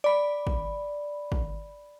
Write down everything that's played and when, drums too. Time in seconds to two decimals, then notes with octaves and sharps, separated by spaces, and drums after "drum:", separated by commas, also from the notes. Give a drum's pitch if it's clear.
0.04 D5 B5
0.47 drum: kick
1.32 drum: kick